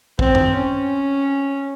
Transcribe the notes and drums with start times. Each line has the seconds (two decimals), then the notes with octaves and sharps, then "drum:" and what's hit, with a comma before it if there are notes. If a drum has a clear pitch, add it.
0.19 C4, drum: kick
0.35 drum: tom F#2
0.56 C#4